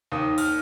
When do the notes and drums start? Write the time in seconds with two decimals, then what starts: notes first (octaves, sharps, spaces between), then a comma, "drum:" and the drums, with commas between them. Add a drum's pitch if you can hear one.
0.12 D#2 D#6
0.38 F6, drum: open hi-hat